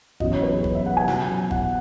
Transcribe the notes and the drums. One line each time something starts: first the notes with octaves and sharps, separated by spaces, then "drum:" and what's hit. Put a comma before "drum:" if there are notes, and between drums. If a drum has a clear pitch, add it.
F#2 E3 B3 D#5, drum: kick
C#5
B4
G#4
drum: kick
E5
F#5
G#5
B2 F#3 B3, drum: snare
F#5, drum: kick